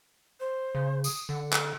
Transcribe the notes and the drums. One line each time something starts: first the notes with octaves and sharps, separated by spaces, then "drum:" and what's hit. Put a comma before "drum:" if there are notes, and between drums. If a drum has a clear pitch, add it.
C5
C#3
D#6, drum: tambourine
D3 F#5
drum: clap